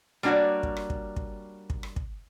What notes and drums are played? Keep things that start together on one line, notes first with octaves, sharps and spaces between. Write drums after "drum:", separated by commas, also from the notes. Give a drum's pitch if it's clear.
G3 A#3 D4 F#4 C#5 D5
drum: kick
drum: rim click
drum: kick
drum: kick
drum: kick
drum: rim click
drum: kick